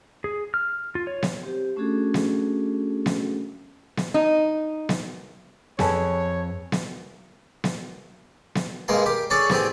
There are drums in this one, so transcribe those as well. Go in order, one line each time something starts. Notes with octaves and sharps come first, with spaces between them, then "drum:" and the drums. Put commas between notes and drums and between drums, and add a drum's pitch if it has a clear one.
G#4
F6
F4
C#5
drum: snare B3
C4 G4 C5
A3 C#4 D4 F#4 G#4 A4
drum: snare B3
drum: snare B3
drum: snare B3
D#4
drum: snare B3
F2 G#4 A4 B4 C#5, drum: snare B3
drum: snare B3
drum: snare B3
drum: snare B3
G2 G#3 A#3 A#5 C6
G4 A#4
D4 G#4 A4 C#5 C#6
A2 C3 B3 C4 G#4, drum: snare B3